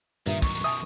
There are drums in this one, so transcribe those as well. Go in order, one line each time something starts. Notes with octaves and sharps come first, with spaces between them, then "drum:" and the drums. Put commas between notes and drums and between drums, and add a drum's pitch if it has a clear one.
G2 A#2 D#3 E5, drum: hi-hat
D#2 F#3 C#6, drum: kick
drum: hi-hat
F#2 B2 E5 G#5 A5 D#6